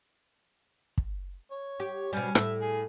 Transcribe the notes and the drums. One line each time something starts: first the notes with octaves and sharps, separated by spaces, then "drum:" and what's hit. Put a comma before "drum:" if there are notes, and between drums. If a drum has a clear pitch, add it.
drum: kick
C#5
G4
B2 G3 C#4
A2 E5, drum: rim click
G#4